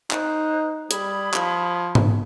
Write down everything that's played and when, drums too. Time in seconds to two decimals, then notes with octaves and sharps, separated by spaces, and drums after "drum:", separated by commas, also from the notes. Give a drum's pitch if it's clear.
0.11 D#4 C5 F#6, drum: clap
0.91 G3 B5 D#6 G#6, drum: hi-hat
1.34 F3, drum: clap
1.95 drum: tom G#2